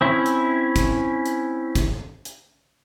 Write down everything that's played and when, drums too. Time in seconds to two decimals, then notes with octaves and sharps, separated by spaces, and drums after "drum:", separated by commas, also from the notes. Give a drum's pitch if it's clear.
0.01 C4 C#4 E4
0.26 drum: hi-hat
0.76 drum: kick, hi-hat
1.26 drum: hi-hat
1.75 drum: kick, hi-hat
2.25 drum: hi-hat